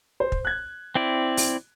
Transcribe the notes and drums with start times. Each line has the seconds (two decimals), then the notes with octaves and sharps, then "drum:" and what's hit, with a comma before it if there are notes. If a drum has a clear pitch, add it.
0.20 C5
0.32 drum: kick
0.45 F#6 G#6
0.95 C4 E4 D5
1.37 drum: open hi-hat